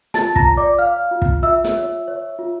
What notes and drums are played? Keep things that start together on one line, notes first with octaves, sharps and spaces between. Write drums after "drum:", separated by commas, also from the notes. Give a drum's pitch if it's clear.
F4 A5 A6, drum: snare
A#5 A#6, drum: kick
C#5
D5 D6
C#5 F5 F6
F4
drum: kick
F4 E5 E6
drum: snare
C#5
C#5
F4